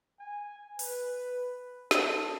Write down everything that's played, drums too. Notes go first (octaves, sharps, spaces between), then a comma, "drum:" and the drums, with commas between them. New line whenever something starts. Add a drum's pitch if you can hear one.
G#5
B4, drum: open hi-hat
A4, drum: snare